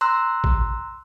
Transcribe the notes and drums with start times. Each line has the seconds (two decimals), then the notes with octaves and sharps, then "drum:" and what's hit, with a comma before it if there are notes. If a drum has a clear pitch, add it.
0.01 A#5 C6 E6 F#6
0.44 drum: kick A1